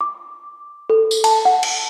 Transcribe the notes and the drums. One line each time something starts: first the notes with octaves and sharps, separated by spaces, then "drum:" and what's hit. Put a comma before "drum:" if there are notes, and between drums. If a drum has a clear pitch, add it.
D6
A4
drum: tambourine
A5, drum: cymbal
F#5
drum: cymbal